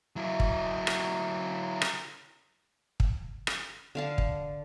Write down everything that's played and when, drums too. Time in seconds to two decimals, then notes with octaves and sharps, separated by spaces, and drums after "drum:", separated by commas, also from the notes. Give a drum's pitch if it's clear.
0.16 F#3 E4
0.40 drum: kick
0.87 drum: rim click
1.82 drum: rim click
3.00 drum: kick
3.47 drum: rim click
3.95 D3 F5 A5
4.18 drum: kick